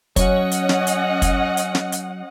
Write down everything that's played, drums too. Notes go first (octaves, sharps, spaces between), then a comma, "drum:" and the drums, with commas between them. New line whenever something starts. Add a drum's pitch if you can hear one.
F#3 C#4 C#5 D#5 F#5, drum: kick, hi-hat
drum: hi-hat
drum: snare
drum: hi-hat
drum: kick, hi-hat
drum: hi-hat
drum: snare
drum: hi-hat